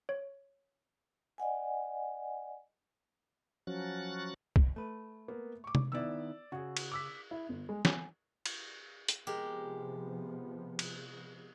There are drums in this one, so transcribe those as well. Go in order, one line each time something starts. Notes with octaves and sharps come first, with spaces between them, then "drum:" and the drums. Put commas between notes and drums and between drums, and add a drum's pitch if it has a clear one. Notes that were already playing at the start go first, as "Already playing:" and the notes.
C#5
D5 D#5 F#5 G#5
F3 F#3 C#4 F#4 F#6 A6
drum: kick C2
A3 B4
A#3 B3
C#6 D6
drum: tom C3
D#3 B3 E4 D5 E6
C#3 F#4 G#4
drum: cymbal
D6 E6 B6
E4
G1
G#3
G#5, drum: snare
drum: cymbal
drum: hi-hat
C3 F3 G#3 B3 G4 A#4
drum: cymbal